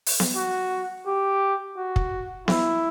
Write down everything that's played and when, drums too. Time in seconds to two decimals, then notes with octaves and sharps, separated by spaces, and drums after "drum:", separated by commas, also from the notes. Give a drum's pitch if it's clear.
0.06 drum: open hi-hat
0.20 drum: snare B3
0.35 F#4
1.06 G4
1.77 F#4
1.96 drum: kick
2.48 E4, drum: snare B3